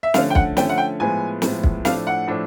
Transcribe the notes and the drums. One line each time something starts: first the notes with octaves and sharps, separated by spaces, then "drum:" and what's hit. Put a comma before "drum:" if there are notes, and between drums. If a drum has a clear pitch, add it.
E5
D3 F3 A3 C#4 F5, drum: snare
G5
F#5, drum: kick
D3 F3 A3 C#4 G5, drum: snare
F#5
G5
A2 F3 G#3 B3 G#5
A2 F3 G#3 B3, drum: snare
drum: kick
A2 F3 A3 D4 F5, drum: snare
F#5
A2 F3 A3 D4